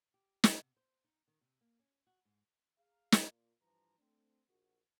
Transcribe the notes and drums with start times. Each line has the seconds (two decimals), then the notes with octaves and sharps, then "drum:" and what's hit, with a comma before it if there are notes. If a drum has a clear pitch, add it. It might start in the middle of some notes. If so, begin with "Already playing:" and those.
0.14 G4
0.44 B2, drum: snare
0.58 C3
0.77 C5
1.04 D#4
1.28 D#3
1.41 C3
1.61 A#3
1.79 C#4
2.07 F#4
2.25 G#2
2.78 G#4 F5 A#5
3.12 drum: snare
3.22 A#2
3.61 G2 E3 F3 G3 B4 A#5
3.98 A3 C4 D4
4.48 A#1 F#4 A#4